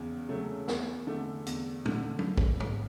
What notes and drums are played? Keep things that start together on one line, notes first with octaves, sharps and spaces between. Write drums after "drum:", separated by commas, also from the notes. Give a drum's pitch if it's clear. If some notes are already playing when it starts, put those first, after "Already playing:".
Already playing: E2 C#3
C#3 F#3 A3
E2, drum: snare
D3 A3
E2, drum: hi-hat
D3 A3, drum: tom
drum: tom F#3
drum: kick
drum: tom